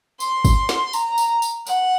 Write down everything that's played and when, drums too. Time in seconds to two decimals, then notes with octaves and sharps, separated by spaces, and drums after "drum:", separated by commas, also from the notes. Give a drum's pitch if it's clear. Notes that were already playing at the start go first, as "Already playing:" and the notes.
0.20 C6, drum: tambourine
0.45 drum: kick, tambourine
0.69 drum: snare
0.93 A#5, drum: tambourine
1.18 drum: tambourine
1.42 drum: tambourine
1.67 F#5, drum: tambourine